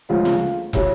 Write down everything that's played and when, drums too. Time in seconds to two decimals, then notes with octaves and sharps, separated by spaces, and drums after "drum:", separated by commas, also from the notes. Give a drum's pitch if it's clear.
0.09 D2 C#3 F3 G#3 F4
0.25 drum: snare
0.73 C#3 F#3 E4, drum: kick